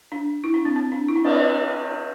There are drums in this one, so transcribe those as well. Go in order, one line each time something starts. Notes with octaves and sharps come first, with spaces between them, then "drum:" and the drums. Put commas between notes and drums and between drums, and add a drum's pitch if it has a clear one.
D4
E4
D4
C4
C4
D4
E4
D4
C4, drum: cymbal